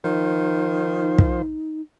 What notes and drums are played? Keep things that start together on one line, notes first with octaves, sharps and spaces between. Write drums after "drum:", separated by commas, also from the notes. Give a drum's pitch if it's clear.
D#3 F3 D#4 C5
drum: kick